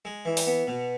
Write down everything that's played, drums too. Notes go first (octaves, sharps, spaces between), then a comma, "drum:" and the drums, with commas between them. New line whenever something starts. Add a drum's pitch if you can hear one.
G#3
E3
drum: open hi-hat
B3
B2